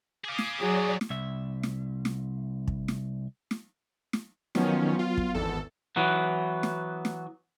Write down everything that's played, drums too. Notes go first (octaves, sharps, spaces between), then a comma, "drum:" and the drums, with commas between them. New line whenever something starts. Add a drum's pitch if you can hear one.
G#4 F5 D6 D#6
drum: snare
E3 F#3 G#3 G#4 C#5 D5
drum: snare
C2 E5
drum: snare
drum: snare
drum: kick
drum: snare
drum: snare
drum: snare
D#3 F3 F#3 B3 C#4, drum: snare
F4
drum: kick
G#1 E2 A4
E3 F#3 B3
drum: snare
drum: snare